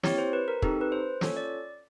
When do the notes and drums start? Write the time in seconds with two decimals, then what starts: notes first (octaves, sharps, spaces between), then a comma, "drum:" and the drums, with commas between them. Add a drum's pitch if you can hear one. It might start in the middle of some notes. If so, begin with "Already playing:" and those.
0.03 C4 E4 G4 C#5, drum: snare
0.18 C5
0.33 B4
0.48 A#4
0.62 C4 D#4 G4 A4, drum: kick
0.81 B4
0.92 C5
1.21 C#4 F4 A4 C#5, drum: snare
1.37 D5